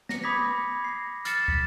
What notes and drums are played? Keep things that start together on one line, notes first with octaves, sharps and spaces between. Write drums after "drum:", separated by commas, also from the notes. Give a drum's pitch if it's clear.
A#6 C#7, drum: snare
B5 D6 D#6 G#6 B6
B5
A#6 C7
F6 A6 C7 C#7 E7, drum: hi-hat
B6, drum: kick